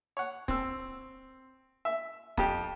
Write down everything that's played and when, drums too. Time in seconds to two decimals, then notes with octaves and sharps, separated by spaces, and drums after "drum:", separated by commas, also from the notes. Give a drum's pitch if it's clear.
0.17 C#5 F#5
0.48 C4 E6, drum: kick C#1
1.85 E5
2.37 F2 G4, drum: kick C#1